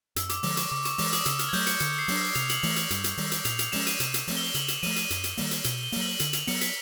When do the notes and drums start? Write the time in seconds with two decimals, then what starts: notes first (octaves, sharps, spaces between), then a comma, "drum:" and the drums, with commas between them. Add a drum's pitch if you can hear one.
0.16 F#2 E6, drum: hi-hat
0.29 D6, drum: hi-hat
0.43 D3 F3 G#3 D6, drum: open hi-hat
0.57 C#6, drum: hi-hat
0.71 C#3 D6
0.85 C#6, drum: hi-hat
0.98 E3 G#3 D6, drum: open hi-hat
1.13 D#6, drum: hi-hat
1.25 C#3 E6, drum: hi-hat
1.39 F6, drum: hi-hat
1.49 G#6
1.53 F#3 A3 G6, drum: open hi-hat
1.67 C#7, drum: hi-hat
1.80 D3 C#7, drum: hi-hat
1.99 C7
2.08 F#3 B3 D4, drum: open hi-hat
2.17 C7
2.35 C3 F7, drum: hi-hat
2.49 F#7, drum: hi-hat
2.63 E3 A3 F7, drum: open hi-hat
2.76 F7, drum: hi-hat
2.91 G2, drum: hi-hat
3.04 drum: hi-hat
3.17 D#3 G3, drum: open hi-hat
3.32 drum: hi-hat
3.45 A#2 F7, drum: hi-hat
3.59 F7, drum: hi-hat
3.72 F3 G#3 C#4 E7, drum: open hi-hat
3.87 D#7, drum: hi-hat
4.00 C3 E7, drum: hi-hat
4.14 drum: hi-hat
4.27 F3 A3 C4, drum: open hi-hat
4.37 G7
4.54 C#3 F#7, drum: hi-hat
4.68 E7, drum: hi-hat
4.83 F3 A3 D#7, drum: open hi-hat
4.96 D#7, drum: hi-hat
5.10 F#2, drum: hi-hat
5.24 drum: hi-hat
5.37 D#3 G3 A#3, drum: open hi-hat
5.51 drum: hi-hat
5.64 B2 G7, drum: hi-hat
5.83 G7
5.92 F#3 A#3, drum: open hi-hat
6.01 F#7
6.20 D3 F#7, drum: hi-hat
6.33 F7, drum: hi-hat
6.47 F#3 B3 C#7, drum: open hi-hat
6.61 B6, drum: hi-hat